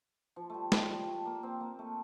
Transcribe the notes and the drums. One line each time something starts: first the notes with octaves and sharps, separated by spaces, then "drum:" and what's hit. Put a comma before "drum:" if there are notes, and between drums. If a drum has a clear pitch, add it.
F3
G3 A3
F3, drum: snare
G3
A3
A#3
C4
A#3
A3